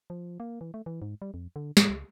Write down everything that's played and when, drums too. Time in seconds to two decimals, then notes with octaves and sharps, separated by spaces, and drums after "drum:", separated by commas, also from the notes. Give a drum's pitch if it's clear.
0.10 F3
0.40 A#3
0.61 E3
0.74 A3
0.86 E3
1.02 G#2
1.22 G3
1.34 F2
1.56 D3
1.77 A2, drum: snare
1.90 C#2